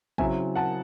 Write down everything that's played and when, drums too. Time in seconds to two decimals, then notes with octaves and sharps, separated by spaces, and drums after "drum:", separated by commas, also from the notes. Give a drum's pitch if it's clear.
0.18 C#3 F#3 C4 E4 E5 G#5, drum: kick
0.55 F#5 A5